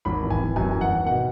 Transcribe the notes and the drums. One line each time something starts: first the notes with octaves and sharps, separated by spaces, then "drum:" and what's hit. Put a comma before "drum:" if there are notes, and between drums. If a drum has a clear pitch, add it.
G#1 B5
E3
G#5, drum: kick D#1
E3
F#2 G#5, drum: kick D#1
E3 G#5
F#5
G#1
B2 F#5